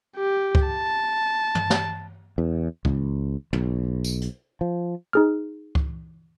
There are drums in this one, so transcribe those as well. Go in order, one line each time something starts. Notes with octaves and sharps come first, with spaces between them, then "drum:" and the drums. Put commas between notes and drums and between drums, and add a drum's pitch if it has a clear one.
G4
drum: kick C#2
A5
drum: tom
drum: snare
E2
C#2, drum: kick C#2
B1, drum: tom
drum: tambourine
drum: hi-hat
F3
D#4 G#4 F6
drum: kick C#2